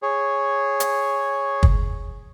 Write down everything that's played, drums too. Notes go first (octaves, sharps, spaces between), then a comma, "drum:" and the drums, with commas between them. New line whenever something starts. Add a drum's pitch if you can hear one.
G#4 C#5
drum: hi-hat
drum: kick